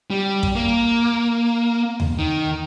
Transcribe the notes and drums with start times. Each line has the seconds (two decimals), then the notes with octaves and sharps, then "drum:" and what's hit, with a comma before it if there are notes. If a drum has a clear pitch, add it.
0.11 G3
0.43 drum: kick
0.55 A#3
2.00 drum: tom D#2
2.18 D#3